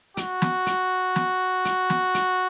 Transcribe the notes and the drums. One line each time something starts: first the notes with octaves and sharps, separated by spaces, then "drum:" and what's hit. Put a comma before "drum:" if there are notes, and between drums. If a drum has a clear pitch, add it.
F#4, drum: hi-hat
drum: snare
drum: hi-hat
drum: snare
drum: hi-hat
drum: snare
drum: hi-hat